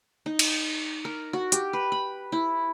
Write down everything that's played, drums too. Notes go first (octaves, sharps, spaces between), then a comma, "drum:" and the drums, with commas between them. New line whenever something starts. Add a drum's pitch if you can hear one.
D#4
drum: cymbal
A#4
F#4
G4, drum: hi-hat
B4
B5
E4